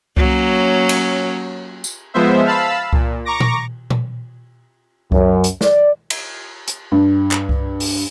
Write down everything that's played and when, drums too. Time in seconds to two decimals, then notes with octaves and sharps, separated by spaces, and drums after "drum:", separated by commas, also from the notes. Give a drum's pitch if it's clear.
0.17 F#3 A#3 C#4, drum: kick C2
0.89 drum: cymbal
1.84 drum: tambourine
2.14 F3 G#3 B3 C5 E5
2.46 F5 A5 B5 E6
2.93 A#2, drum: kick C2
3.25 A#5 C#6 D6 A#6
3.40 drum: tom A#2
3.90 drum: tom A#2
5.12 F#2, drum: kick C2
5.44 drum: hi-hat
5.61 D5, drum: snare
6.10 drum: cymbal
6.68 drum: hi-hat
6.92 G2
7.31 drum: clap
7.49 drum: kick C2
7.80 drum: open hi-hat